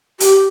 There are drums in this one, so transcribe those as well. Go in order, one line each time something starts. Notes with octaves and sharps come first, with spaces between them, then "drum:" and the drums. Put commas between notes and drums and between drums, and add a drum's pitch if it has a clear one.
G4, drum: hi-hat